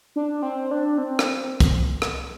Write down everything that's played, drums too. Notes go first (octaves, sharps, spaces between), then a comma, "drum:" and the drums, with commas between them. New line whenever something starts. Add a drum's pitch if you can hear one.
D4
C4
D4
C4
drum: rim click
drum: kick, hi-hat
drum: rim click